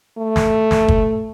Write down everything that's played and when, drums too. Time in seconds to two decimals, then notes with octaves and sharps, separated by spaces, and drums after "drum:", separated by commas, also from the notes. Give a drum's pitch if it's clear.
0.18 A3
0.36 drum: snare
0.71 drum: snare
0.88 drum: kick